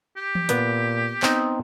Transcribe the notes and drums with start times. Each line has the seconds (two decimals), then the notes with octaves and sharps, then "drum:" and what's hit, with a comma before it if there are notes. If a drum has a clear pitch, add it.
0.16 G4
0.35 drum: tom E3
0.49 A#2 B3, drum: hi-hat
1.23 B3 C4 D#4, drum: clap